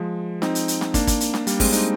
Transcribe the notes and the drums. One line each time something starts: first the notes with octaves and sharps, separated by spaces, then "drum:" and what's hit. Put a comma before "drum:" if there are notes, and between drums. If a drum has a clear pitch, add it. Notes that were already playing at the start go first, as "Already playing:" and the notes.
Already playing: F3 G#3
C4 D#4, drum: snare
drum: hi-hat
drum: hi-hat
drum: snare
A#3 D4, drum: kick, hi-hat
drum: kick, hi-hat
drum: hi-hat
drum: snare
G3 A#3, drum: hi-hat
G#3 C4, drum: kick, open hi-hat
C4 D#4, drum: hi-hat